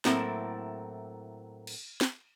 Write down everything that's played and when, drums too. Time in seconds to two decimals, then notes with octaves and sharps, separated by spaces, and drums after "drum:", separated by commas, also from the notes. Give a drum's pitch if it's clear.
0.05 A2 F#3 A#3 C4 E4 A4, drum: snare
1.67 drum: cymbal
2.01 drum: snare